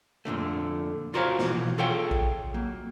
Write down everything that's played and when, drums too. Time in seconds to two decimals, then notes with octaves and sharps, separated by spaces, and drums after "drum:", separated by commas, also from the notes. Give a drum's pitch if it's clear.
0.25 F2 A#2 D3 A3
1.14 F4 F#4 A#4 C5 C#5 F5
1.39 B1 B2 E3 F3, drum: snare
1.78 F4 G#4 A4 C#5 F5 G5
2.11 drum: kick A#1
2.54 F#3 A#3